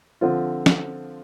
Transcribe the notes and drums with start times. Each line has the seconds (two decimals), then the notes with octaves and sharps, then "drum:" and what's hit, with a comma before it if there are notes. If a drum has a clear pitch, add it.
0.21 D3 F3 C4 F4
0.66 drum: snare